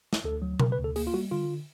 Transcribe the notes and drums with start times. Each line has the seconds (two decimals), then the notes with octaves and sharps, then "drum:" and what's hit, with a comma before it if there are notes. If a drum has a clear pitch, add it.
0.13 drum: snare
0.24 D2 A4
0.42 F#3
0.60 C#3 A#4, drum: tom B2
0.72 B4
0.78 D2
0.84 A4
0.96 A#3 G#4, drum: open hi-hat
1.07 F4
1.14 G3 F#4
1.31 D3 F4